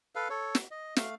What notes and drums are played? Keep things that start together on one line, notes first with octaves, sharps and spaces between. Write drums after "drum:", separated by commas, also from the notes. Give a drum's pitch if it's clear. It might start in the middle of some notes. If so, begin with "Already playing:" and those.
A4 B4 F5
A4 C#5
drum: snare
D#5
A3 F5, drum: snare